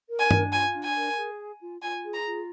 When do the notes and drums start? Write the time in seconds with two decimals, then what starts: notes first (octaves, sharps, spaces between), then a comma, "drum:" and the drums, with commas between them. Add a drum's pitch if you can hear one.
0.09 A#4
0.19 G#5
0.31 D4, drum: tom G2
0.52 F4 G#5
0.74 D4
0.84 G#5
0.96 A#4
1.16 G#4
1.38 G#5
1.60 F4
1.81 F4 G#5
2.04 G#4
2.13 A#5
2.25 F4